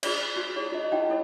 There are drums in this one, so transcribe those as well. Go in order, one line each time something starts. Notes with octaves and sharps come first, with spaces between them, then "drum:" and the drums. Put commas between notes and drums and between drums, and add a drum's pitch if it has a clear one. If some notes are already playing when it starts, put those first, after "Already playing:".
F4 G#4 C5 D5, drum: cymbal
F#4
E4 G#4 C#5 D5
F4 D#5
D#4 E4 F#4 D#5 F#5 G5
E4 A4 C#5